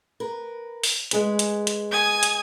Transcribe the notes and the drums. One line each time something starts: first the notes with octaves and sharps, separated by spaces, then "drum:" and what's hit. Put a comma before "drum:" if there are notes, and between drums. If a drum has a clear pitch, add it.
A#4 B4
drum: open hi-hat
G#3 G#4 B4, drum: hi-hat
drum: hi-hat
drum: hi-hat
G#5 D#6 G#6
drum: hi-hat